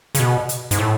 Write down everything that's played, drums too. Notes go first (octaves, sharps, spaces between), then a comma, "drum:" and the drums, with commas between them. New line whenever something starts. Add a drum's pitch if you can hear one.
C#3, drum: hi-hat
B2
drum: hi-hat
G#2, drum: hi-hat
A2